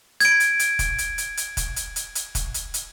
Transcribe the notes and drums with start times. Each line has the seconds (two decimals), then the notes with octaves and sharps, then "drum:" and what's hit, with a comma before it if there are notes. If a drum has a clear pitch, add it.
0.20 G#6 D7, drum: hi-hat
0.40 drum: hi-hat
0.59 drum: hi-hat
0.79 drum: kick E1, hi-hat
0.98 drum: hi-hat
1.18 drum: hi-hat
1.37 drum: hi-hat
1.57 drum: kick E1, hi-hat
1.76 drum: hi-hat
1.96 drum: hi-hat
2.15 drum: hi-hat
2.35 drum: kick E1, hi-hat
2.54 drum: hi-hat
2.74 drum: hi-hat